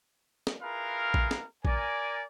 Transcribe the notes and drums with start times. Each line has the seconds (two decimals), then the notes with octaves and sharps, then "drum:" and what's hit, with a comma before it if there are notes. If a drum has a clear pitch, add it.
0.47 drum: snare
0.62 E4 F4 G#4 A#4 B4 F5
1.14 drum: kick
1.31 drum: snare
1.65 A#4 D5 G#5, drum: kick